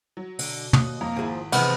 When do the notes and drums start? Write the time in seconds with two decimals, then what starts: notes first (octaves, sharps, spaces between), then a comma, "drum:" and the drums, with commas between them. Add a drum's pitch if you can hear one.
0.17 F#3
0.39 B2 D3, drum: open hi-hat
0.73 D#2 D#6 F#6, drum: tom
1.01 F2 A#3 A#5
1.17 G#1 F3 E4 G#4
1.52 C3 E3 F3 G#3 B3, drum: cymbal